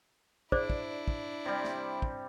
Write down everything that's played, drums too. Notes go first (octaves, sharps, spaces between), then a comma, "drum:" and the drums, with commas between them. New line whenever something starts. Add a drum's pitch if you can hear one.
D4 E4 G#4 C5 D5, drum: kick
drum: kick
drum: kick
C3 G3
drum: snare
drum: kick